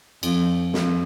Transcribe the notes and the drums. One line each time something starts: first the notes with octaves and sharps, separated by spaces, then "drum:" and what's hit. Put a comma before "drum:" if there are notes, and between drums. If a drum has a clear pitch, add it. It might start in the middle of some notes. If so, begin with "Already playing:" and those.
F2, drum: cymbal
F2, drum: snare